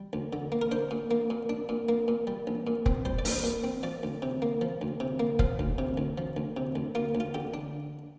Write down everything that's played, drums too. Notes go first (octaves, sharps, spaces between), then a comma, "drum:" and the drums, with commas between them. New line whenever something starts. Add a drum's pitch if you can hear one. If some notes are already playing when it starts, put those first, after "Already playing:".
Already playing: G3
D2
D3
A#3
A#4
D4 C5
A#2
A#3
A#2
D4
A#2
A#3
A#2
G3
A#1
A#2
C4, drum: kick F1
G3 C5
D5
A#1, drum: open hi-hat
C5
A#2
C4
F3 D5
D2
C3
A#3
F3
D2
C3
A#3
F3 F5, drum: kick F1
D2
C3
D2
F3
D2
C3
D2
A#3 F4
D2
F4
D3 G4
D4